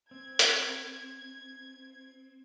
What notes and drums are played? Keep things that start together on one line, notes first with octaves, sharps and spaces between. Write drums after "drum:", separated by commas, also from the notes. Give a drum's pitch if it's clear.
C4 G#6
drum: hi-hat